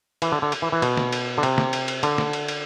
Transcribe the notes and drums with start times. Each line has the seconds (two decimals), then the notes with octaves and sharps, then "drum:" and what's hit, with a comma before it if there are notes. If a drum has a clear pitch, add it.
0.22 E3, drum: cymbal
0.32 D3
0.42 D3
0.52 drum: cymbal
0.62 E3
0.72 E3
0.82 B2, drum: cymbal
0.97 drum: snare
1.13 drum: cymbal
1.38 D3
1.43 C3, drum: cymbal
1.58 drum: snare
1.73 drum: cymbal
1.88 drum: cymbal
2.03 D3, drum: cymbal
2.18 drum: snare
2.33 drum: cymbal
2.48 drum: cymbal